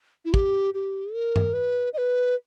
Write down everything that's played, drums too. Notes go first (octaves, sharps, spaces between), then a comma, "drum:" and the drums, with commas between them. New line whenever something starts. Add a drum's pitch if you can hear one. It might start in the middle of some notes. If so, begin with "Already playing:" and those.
E4
G4, drum: kick
G4
A#4
drum: tom G2
B4
D#5
B4